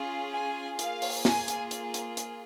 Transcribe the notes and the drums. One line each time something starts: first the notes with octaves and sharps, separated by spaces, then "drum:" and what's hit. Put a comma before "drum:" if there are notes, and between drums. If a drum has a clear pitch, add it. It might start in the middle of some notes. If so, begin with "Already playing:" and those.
Already playing: C#4 F4 G#4
G#5
A#3 F4 G#4 F5, drum: hi-hat
drum: open hi-hat
G#5, drum: snare
drum: hi-hat
drum: hi-hat
drum: hi-hat
drum: hi-hat